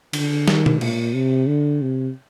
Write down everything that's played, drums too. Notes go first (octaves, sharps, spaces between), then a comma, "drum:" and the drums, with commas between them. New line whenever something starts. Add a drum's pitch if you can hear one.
D3, drum: cymbal
D#3, drum: snare
drum: tom B2
A#2, drum: cymbal
C3
D3
C3